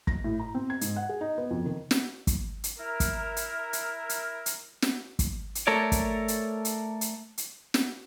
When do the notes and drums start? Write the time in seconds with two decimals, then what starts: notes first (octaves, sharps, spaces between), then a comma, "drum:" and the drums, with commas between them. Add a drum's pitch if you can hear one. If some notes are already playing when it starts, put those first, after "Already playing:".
0.07 A#6, drum: kick
0.24 A2
0.40 A#5
0.55 C4
0.70 G#6
0.81 G#2, drum: hi-hat
0.96 F#5
1.09 G#4
1.21 D#4
1.38 B3
1.51 F2
1.65 D#3
1.91 drum: snare
2.27 drum: kick, hi-hat
2.64 drum: hi-hat
2.79 E4 A#4
3.00 drum: kick, hi-hat
3.37 drum: hi-hat
3.73 drum: hi-hat
4.09 drum: hi-hat
4.46 drum: hi-hat
4.82 drum: snare
5.19 drum: kick, hi-hat
5.55 drum: hi-hat
5.67 A3 A4 A#4 C#5 D5
5.92 drum: kick, hi-hat
6.28 drum: hi-hat
6.65 drum: hi-hat
7.01 drum: hi-hat
7.38 drum: hi-hat
7.74 drum: snare